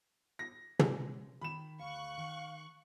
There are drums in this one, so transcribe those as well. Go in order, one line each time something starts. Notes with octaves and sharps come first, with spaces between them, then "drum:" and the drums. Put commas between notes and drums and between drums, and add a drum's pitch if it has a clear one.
A#6
G#3, drum: tom
D#3 B5 E7
D2 F5 C#6 F#6
D#3